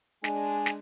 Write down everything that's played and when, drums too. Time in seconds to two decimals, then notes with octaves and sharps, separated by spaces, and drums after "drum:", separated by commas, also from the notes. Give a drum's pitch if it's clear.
0.24 G#3 D4 G#5, drum: snare
0.66 drum: snare